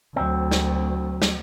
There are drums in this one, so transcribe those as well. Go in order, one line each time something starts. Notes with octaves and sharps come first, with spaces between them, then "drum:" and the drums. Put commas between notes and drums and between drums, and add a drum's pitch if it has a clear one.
D2 F#3 C4
drum: snare
drum: snare